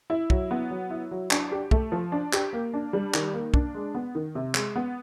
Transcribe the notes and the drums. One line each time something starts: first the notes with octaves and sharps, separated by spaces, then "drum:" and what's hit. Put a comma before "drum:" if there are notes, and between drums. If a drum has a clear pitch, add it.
E4
F#3, drum: kick
B3
F#3
E4
F#3
D4, drum: clap
G4
A3, drum: kick
F3
D4
G4, drum: clap
A#3
D4
G3
D#3, drum: clap
A#3
D4, drum: kick
G#3
B3
D#3
C3
G#3, drum: clap
B3